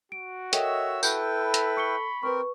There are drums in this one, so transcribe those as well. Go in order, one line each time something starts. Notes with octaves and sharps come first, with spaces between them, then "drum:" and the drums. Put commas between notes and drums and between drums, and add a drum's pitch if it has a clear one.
F#4 D7
A4 A#4 C#5 D#5 E5 G5 E6, drum: hi-hat
E4 A4 B4 G5 G6, drum: tambourine
B5
drum: hi-hat
C#6 C#7 G7
C4 A#4 B4 C#6